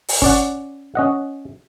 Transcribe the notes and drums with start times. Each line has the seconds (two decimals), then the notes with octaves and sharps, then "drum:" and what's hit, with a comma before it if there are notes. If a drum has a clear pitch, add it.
0.08 drum: open hi-hat
0.22 C#4 D5 F#5, drum: kick
0.95 C#4 D#5 F#5